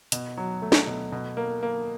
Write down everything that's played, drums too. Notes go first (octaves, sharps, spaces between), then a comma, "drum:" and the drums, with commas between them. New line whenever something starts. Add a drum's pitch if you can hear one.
B2, drum: hi-hat
F#3
A3
drum: snare
B2
B2
A#3
A#3